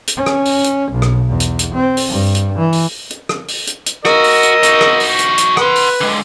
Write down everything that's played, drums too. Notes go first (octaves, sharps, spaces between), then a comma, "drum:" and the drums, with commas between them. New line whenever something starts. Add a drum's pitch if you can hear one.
drum: hi-hat
C#4
drum: rim click
drum: open hi-hat
drum: hi-hat
B1
drum: rim click
E2
drum: hi-hat
drum: hi-hat
C4
drum: open hi-hat
G2
drum: hi-hat
E3
drum: open hi-hat
drum: hi-hat
drum: rim click
drum: open hi-hat
drum: hi-hat
drum: hi-hat
F#4 A#4 D#5 E6, drum: rim click
drum: open hi-hat
drum: hi-hat
D#4 F#4, drum: hi-hat
drum: rim click
drum: open hi-hat
drum: hi-hat
drum: hi-hat
B4 F#5 C6, drum: rim click
drum: open hi-hat
D3 G#3